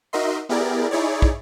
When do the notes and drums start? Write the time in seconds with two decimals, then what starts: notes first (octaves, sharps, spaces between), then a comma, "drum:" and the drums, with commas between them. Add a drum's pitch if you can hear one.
0.13 D#4 F#4 A#4 D#5 E5 C6
0.49 B3 E4 G4 G#4 A#4 D5
0.91 D#4 E4 G#4 C#5 D5
1.22 drum: kick